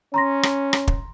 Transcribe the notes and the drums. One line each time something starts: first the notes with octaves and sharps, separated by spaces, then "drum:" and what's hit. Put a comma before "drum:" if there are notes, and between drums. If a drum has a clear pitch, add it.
C#4 A#5 C6 A#6
drum: rim click
drum: rim click
drum: kick